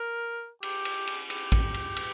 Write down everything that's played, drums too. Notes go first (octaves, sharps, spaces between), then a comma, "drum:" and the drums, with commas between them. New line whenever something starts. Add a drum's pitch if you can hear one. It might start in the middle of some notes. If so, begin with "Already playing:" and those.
Already playing: A#4
G4, drum: cymbal
drum: cymbal
drum: cymbal
G4, drum: cymbal
drum: kick A1, cymbal
drum: cymbal
drum: cymbal